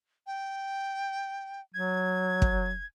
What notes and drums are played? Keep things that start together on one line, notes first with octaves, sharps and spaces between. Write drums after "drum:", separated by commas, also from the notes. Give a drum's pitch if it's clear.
G5
F#3 G#6
drum: kick